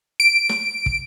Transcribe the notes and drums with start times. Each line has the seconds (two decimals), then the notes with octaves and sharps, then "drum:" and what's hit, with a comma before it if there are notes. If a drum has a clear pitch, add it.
0.20 D7
0.49 drum: snare
0.86 drum: kick